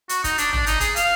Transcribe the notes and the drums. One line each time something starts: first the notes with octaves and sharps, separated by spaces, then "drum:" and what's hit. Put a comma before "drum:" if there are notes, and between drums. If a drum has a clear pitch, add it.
F#4, drum: hi-hat
D#4, drum: kick, hi-hat
D4, drum: hi-hat
D4, drum: tom
D#4, drum: hi-hat
G#4, drum: kick, hi-hat
F5, drum: hi-hat